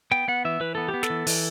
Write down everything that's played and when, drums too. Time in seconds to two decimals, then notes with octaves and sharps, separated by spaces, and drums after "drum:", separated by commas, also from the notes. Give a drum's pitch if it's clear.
0.11 B3 G5
0.28 B3 F#5
0.45 E3 E5
0.60 E3 B4
0.75 B3 A4
0.88 G4
0.94 B3
1.03 A4, drum: snare
1.10 E3
1.27 E3, drum: open hi-hat